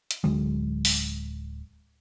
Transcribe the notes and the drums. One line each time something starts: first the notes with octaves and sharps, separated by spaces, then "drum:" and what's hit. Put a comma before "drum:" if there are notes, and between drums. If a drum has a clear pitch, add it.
drum: hi-hat
D1 D3 F#3 G#3
drum: open hi-hat